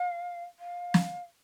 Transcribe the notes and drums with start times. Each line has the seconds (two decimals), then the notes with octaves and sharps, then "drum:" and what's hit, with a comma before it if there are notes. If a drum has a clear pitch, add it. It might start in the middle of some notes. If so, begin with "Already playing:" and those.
Already playing: F5
0.59 F5
0.94 drum: snare